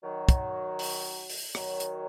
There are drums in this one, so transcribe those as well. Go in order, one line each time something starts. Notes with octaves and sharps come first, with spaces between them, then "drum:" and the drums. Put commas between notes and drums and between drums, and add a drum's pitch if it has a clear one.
D#3 F#3
drum: kick, hi-hat
drum: open hi-hat
drum: open hi-hat
D#3 F#3, drum: rim click
drum: hi-hat